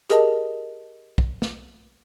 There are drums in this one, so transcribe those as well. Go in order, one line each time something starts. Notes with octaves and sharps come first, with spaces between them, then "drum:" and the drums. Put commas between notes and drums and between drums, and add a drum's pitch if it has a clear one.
G4 G#4 A#4 D#5 A5, drum: hi-hat
drum: kick
drum: snare